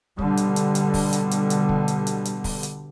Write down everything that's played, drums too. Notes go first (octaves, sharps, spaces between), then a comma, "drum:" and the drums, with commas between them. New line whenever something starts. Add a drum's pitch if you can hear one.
B2 D3 G3, drum: kick
drum: hi-hat
drum: hi-hat
drum: hi-hat
drum: kick, open hi-hat
drum: hi-hat
drum: hi-hat
drum: hi-hat
drum: kick
drum: hi-hat
drum: hi-hat
drum: hi-hat
drum: kick, open hi-hat
drum: hi-hat